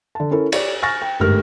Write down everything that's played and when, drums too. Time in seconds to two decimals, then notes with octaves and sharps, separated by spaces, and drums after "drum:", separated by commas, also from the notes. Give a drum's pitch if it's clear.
0.15 D3 A5
0.31 C#4 E4 A4 A#4
0.52 G4 C#5 D5, drum: cymbal
0.83 G#5 C#6 F6 A6 A#6
1.02 G5
1.20 G1 G#2 A3 G4 A#4 F6